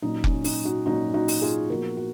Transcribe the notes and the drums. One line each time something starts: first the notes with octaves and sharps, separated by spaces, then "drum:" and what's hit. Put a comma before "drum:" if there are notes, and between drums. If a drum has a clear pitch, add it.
A#2 F#3 C#4 D#4
C#4, drum: kick F1
D#4, drum: open hi-hat
D#4 F#4
A#2 F#3 C#4 D#4 F#4
D#4 F#4
drum: open hi-hat
F4 G#4
A#2 F3 B3 F#4 A#4
F#4